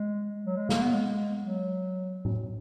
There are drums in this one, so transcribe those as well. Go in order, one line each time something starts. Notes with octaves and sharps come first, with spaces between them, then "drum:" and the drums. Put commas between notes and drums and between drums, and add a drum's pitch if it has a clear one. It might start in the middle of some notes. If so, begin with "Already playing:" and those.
Already playing: G#3
F#3
G#3
A#3, drum: snare
B3
G#3
F#3
drum: tom A2